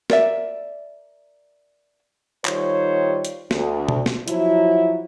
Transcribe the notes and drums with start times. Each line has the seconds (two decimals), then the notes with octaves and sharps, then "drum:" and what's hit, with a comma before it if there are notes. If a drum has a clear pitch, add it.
0.10 A#4 D5 E5, drum: snare
2.45 D#3 G3 F4 C5 C#5, drum: clap
3.25 drum: hi-hat
3.51 D2, drum: snare
3.89 drum: tom B2
4.06 drum: snare
4.28 F3 F#3 E4, drum: hi-hat